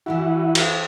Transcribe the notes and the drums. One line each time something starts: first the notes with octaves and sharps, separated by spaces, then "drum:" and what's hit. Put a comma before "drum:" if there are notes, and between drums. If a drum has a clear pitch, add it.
E3 G3 E4 F#4 G4
F5, drum: cymbal